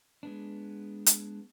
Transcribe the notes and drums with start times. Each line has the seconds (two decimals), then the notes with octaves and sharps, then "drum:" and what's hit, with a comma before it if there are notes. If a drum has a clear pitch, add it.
0.23 G#3 B3 D4
1.06 drum: hi-hat